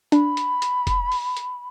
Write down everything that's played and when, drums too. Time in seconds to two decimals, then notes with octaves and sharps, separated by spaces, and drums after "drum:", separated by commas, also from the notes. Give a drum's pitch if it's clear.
0.12 D4 B5, drum: hi-hat
0.37 drum: hi-hat
0.62 drum: hi-hat
0.87 drum: kick F1, hi-hat
1.12 drum: open hi-hat
1.37 drum: hi-hat